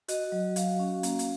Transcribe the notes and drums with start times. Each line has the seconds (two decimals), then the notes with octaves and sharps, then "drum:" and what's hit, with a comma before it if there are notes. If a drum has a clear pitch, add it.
0.08 F#4 D#5, drum: hi-hat
0.32 F#3
0.56 F#4 F5, drum: hi-hat
0.80 C#4
1.03 A#3, drum: hi-hat
1.19 drum: hi-hat